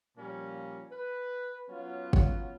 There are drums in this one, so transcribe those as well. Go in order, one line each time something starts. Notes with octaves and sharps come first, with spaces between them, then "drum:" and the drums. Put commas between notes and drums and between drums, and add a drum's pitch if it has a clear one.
A#2 F3 G3 A#3 C#4
B4
F#3 B3 C#4 F4
drum: kick